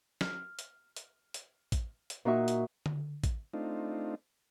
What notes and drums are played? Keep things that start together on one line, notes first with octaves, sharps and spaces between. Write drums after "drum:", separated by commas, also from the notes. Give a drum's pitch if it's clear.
F6, drum: snare
drum: hi-hat
drum: hi-hat
drum: hi-hat
drum: kick A1, hi-hat
drum: hi-hat
A#2 D#4 F#4 E5 C#6
drum: hi-hat
drum: tom D3
drum: kick A1, hi-hat
A3 C4 D4 D#4 F4